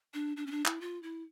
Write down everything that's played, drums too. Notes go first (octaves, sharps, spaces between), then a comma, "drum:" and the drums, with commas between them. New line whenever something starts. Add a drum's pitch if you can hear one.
D4
D4
C#4
D4
E4, drum: clap
F4
E4